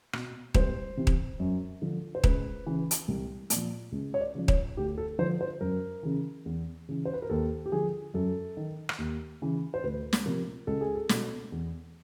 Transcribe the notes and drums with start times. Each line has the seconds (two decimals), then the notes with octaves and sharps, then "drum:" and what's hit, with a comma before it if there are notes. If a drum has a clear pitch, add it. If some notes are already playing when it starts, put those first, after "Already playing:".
0.13 B2, drum: rim click
0.54 C2 C5, drum: kick D#1
0.97 C3 E3
1.07 drum: kick D#1
1.40 F#2
1.82 D3 F3
2.15 C5
2.24 C#2 B4, drum: kick D#1
2.67 C#3 E3
2.91 drum: hi-hat
3.08 C2
3.50 A#2, drum: hi-hat
3.55 F3
3.92 C#2
4.14 C#5
4.21 D5
4.35 C#3 F3
4.48 C#5, drum: kick D#1
4.77 D2 G4
4.98 A4
5.19 D3 F3 C5
5.41 C5
5.61 F#2 A#4
6.03 C#3 E3
6.46 E2
6.89 C#3 E3
7.05 C5
7.13 B4
7.22 A#4
7.30 D#2 A4
7.66 G4
7.72 D3 F3 G#4
8.14 F#2 A4
8.57 D#3
8.89 drum: rim click
8.98 D#2
9.42 C#3 E3
9.74 C5
9.84 D2 B4
10.13 drum: snare
10.26 C3 F3 A#4
10.67 C#2 A4
10.81 G#4
10.95 A4
11.09 B2, drum: snare
11.52 E2